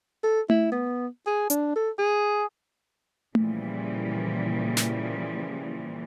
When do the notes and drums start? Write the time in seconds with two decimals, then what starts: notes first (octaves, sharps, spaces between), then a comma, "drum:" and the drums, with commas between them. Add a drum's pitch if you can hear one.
0.23 A4
0.50 E4, drum: tom A3
0.71 B3
1.27 G#4
1.50 D4, drum: hi-hat
1.76 A4
1.98 G#4
3.35 A#2 C#3 E3 F3 G3, drum: tom A3
4.77 drum: snare